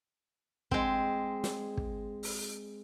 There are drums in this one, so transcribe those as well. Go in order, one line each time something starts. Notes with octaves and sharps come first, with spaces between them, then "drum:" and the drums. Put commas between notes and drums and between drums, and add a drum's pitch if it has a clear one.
G#3 C4, drum: kick
drum: snare
drum: kick
drum: open hi-hat